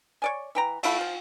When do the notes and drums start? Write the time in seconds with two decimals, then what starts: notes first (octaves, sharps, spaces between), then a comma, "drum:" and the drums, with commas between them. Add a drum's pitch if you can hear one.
0.22 C#5 D5 G#5
0.55 E3 G5 A#5
0.83 A3 E4 A4, drum: cymbal
1.01 F3